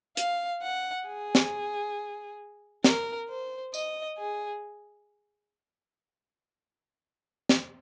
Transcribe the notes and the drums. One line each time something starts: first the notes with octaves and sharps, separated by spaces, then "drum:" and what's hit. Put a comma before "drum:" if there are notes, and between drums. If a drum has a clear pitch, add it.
F5, drum: hi-hat
F#5
G#4
drum: snare
A#4, drum: snare
C5
D#5, drum: tambourine
G#4
drum: snare